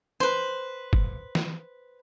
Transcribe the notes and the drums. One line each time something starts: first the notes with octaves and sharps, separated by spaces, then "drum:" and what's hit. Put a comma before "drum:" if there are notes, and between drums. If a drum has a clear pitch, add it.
B4 C5, drum: rim click
drum: kick
drum: snare